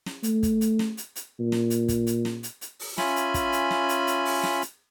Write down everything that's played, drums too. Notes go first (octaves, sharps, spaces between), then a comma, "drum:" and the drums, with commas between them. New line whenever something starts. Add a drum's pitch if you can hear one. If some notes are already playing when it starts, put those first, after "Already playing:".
drum: snare
A3, drum: hi-hat
drum: kick, hi-hat
drum: hi-hat
drum: snare
drum: hi-hat
drum: hi-hat
A#2
drum: snare
drum: hi-hat
drum: kick, hi-hat
drum: hi-hat
drum: snare
drum: hi-hat
drum: hi-hat
drum: open hi-hat
C#4 F4 E5 G#5 B5, drum: snare
drum: hi-hat
drum: kick, hi-hat
drum: hi-hat
drum: snare
drum: hi-hat
drum: hi-hat
drum: open hi-hat
drum: snare
drum: hi-hat